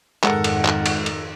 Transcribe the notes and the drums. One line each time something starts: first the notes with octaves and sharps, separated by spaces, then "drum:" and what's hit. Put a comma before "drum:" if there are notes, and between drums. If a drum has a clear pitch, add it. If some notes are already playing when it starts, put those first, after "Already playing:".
F2 G#2 D#3 G#3 A4 A#4 F#5, drum: clap
drum: cymbal
drum: clap
drum: cymbal
drum: cymbal